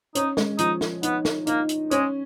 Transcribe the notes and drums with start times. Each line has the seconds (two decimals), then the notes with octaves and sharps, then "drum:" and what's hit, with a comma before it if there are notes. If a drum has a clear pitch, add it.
0.15 C#4 D#4, drum: hi-hat
0.37 G#3, drum: snare
0.58 F3 D#4, drum: hi-hat
0.81 drum: snare
1.03 B3 D#4, drum: hi-hat
1.25 drum: snare
1.47 A#3 D#4, drum: hi-hat
1.69 drum: hi-hat
1.91 G#3 C#4, drum: hi-hat